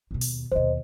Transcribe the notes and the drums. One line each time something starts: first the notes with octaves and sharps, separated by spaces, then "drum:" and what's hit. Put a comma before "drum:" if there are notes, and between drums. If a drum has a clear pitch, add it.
D#2 B2
drum: open hi-hat
D#2 B2 C5 D#5